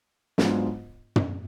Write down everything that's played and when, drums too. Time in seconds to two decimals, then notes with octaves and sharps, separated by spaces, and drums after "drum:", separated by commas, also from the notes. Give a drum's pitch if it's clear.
0.38 G#2 F#3 B3 D4 F4, drum: snare
1.16 drum: tom